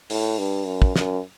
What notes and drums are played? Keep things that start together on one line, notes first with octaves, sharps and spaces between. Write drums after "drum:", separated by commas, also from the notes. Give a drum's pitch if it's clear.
A2, drum: open hi-hat
G2
F#2
drum: kick
F#2, drum: snare